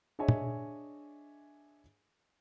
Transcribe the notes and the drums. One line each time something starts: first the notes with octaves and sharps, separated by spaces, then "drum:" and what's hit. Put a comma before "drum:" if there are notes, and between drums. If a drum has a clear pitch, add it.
D4 G#4 C#5 D#5 E5 G#5
drum: tom